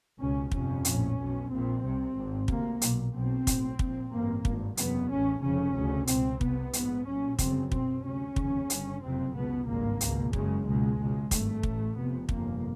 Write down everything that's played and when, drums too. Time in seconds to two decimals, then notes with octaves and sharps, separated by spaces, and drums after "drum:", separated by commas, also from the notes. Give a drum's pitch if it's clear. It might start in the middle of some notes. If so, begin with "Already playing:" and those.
0.19 C#2 B2 C#4
0.52 G1 F2 C3 C#4, drum: kick
0.85 A#1 A2, drum: hi-hat
1.18 B1 B2
1.50 A#1 A#2 C4
1.83 C2 C3
2.16 G#1 G#2
2.48 D2 C3 A#3, drum: kick
2.82 B1 A#2, drum: hi-hat
3.14 B1 B2 C4
3.47 B1 A2, drum: kick, hi-hat
3.79 A#1 A#2, drum: kick
4.12 A1 G2 A#3
4.45 G#1 G2, drum: kick
4.77 F#1 E2 C3 B3, drum: hi-hat
5.10 A1 A2 C#4
5.43 F1 F2 C#3 C#4
5.75 D2 C#3
6.07 C#2 B2 C4, drum: hi-hat
6.41 C2 C3 B3, drum: kick
6.73 A#1 G#2, drum: hi-hat
7.06 B1 A#2 C#4
7.39 G1 F#2 C#3 C4, drum: kick, hi-hat
7.72 B1 B2 C4, drum: kick
8.04 D2 C3 C#4
8.36 F1 D#2 C#3, drum: kick
8.70 G1 G2, drum: hi-hat
9.03 F#1 F2 C3 C4
9.34 C#2 B2 B3
9.67 G#1 G2 A#3
10.01 C#2 B2, drum: hi-hat
10.33 F#1 F#2 C#3 G#3, drum: kick
10.66 C#2 B2 G#3
10.99 C#2 B2
11.31 G#1 G2 A3, drum: kick, hi-hat
11.63 A1 A2, drum: kick
11.96 F1 F2 C3 B3
12.29 G1 F2 C3 A#3, drum: kick